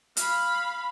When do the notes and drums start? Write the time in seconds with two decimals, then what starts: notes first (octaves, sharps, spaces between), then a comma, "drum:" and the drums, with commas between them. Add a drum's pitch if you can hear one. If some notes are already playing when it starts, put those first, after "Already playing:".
0.17 F5 B5, drum: hi-hat